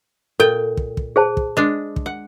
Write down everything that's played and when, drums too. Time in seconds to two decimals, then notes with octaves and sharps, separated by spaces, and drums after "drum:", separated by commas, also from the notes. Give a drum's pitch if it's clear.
0.40 A#2 A4 G5
0.77 drum: kick
0.97 drum: kick
1.16 G#4 C5 A5
1.37 drum: kick
1.57 G#3 D4
1.96 drum: kick
2.06 F#5